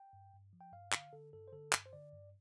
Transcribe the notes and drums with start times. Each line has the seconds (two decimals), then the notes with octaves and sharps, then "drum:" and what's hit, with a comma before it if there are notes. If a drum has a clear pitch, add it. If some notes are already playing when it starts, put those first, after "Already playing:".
Already playing: G5
0.13 G2
0.33 G2
0.53 F3
0.61 G5
0.73 G2 F5
0.92 D3 F5, drum: clap
1.13 D3 A4
1.33 G2 A4
1.48 C5
1.53 D3 A4
1.73 G2, drum: clap
1.86 C5
1.93 D3 D5
2.13 G2